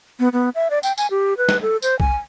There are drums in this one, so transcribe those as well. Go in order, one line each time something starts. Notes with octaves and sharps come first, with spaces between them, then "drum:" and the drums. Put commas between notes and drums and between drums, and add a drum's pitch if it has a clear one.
B3
B3
E5
D5
G5, drum: tambourine
G#5, drum: tambourine
G4
B4
drum: snare
A4
C5, drum: tambourine
G#5, drum: kick B1